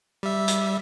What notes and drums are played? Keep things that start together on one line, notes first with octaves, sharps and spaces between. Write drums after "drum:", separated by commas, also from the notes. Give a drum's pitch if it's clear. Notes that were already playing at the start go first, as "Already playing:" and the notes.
G3 E5
drum: hi-hat